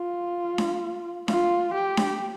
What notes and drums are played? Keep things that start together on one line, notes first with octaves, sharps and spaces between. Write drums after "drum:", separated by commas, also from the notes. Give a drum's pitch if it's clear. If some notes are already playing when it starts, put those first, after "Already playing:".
Already playing: F4
drum: snare D4
F4, drum: snare D4
G4
drum: snare D4